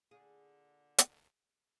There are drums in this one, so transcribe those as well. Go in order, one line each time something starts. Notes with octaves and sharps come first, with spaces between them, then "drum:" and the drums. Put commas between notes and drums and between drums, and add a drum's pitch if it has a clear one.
A#2 D3 G#4
drum: hi-hat